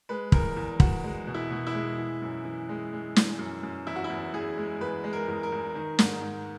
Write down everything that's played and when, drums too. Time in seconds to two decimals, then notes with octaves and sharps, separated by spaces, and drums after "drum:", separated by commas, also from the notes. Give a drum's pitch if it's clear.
0.09 G#3 B4
0.32 E2 A#4, drum: kick
0.56 E2
0.80 E2 F#4, drum: kick
1.04 G#3
1.27 B2
1.34 E4
1.50 B2
1.67 E4
1.74 G#3
1.98 E3
2.22 F#2
2.45 E3
2.69 G#3
2.92 G#3
3.16 E3, drum: snare
3.39 F#2
3.63 F#2
3.87 E2 E4
3.96 F#4
4.04 E4
4.10 E2
4.34 E2 G#4
4.58 G#3
4.81 E2 B4
5.04 G#3
5.13 A#4
5.28 E2
5.43 A#4
5.52 E2
5.75 D#3
5.99 G#2, drum: snare
6.22 G#2